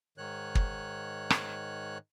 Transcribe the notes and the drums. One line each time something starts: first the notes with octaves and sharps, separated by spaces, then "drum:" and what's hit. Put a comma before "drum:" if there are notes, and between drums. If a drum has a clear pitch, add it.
G#2 D#3 C#5 F#6
drum: kick
drum: rim click